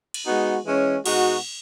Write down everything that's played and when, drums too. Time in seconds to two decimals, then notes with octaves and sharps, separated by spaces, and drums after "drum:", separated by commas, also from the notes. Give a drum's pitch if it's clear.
0.14 drum: cymbal
0.26 G#3 B3 D#4 F#4
0.65 E3 G#3 C#4
1.06 B2 G#3 D#4 F#4, drum: cymbal